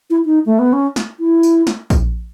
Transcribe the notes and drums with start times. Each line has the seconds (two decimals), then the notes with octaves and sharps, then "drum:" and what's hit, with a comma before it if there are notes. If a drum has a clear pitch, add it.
0.10 E4
0.25 D#4
0.46 A3
0.59 B3
0.73 C#4
0.96 drum: snare
1.20 E4
1.43 drum: tambourine
1.67 drum: snare
1.90 drum: kick A#1, tambourine